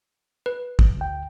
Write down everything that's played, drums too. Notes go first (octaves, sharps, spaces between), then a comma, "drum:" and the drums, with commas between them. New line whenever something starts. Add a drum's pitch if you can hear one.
B4
drum: kick
D2 G5